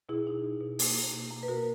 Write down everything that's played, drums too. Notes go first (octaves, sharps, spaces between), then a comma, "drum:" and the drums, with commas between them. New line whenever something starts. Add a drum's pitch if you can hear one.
B2 E4 G#4
D#4
B2
B2
A#3, drum: open hi-hat
A#3
B2
A#3
B4
B2 F#4 A#4